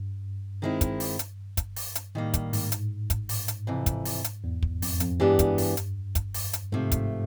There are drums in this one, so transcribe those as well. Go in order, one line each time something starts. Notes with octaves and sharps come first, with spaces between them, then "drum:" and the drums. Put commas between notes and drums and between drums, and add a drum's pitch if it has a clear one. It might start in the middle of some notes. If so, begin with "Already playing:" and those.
Already playing: G2
D#3 G#3 C4 E4
drum: kick, hi-hat
drum: open hi-hat
drum: hi-hat
drum: kick, hi-hat
drum: open hi-hat
drum: hi-hat
A2 D#3 G3 A#3
drum: kick, hi-hat
G#2, drum: open hi-hat
drum: hi-hat
drum: kick, hi-hat
drum: open hi-hat
drum: hi-hat
F2 C3 E3
drum: kick, hi-hat
drum: open hi-hat
drum: hi-hat
E2
drum: kick
F2, drum: open hi-hat
F2, drum: hi-hat
G2 E3 G#3 B3 D4 G4
drum: kick, hi-hat
drum: open hi-hat
drum: hi-hat
drum: kick, hi-hat
drum: open hi-hat
drum: hi-hat
G#2 C3 F3 A3
drum: kick, hi-hat